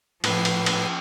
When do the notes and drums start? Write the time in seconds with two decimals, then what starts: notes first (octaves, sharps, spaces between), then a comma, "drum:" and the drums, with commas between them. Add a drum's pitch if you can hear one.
0.24 A2 F3 B4 C7, drum: cymbal
0.45 drum: cymbal
0.66 drum: cymbal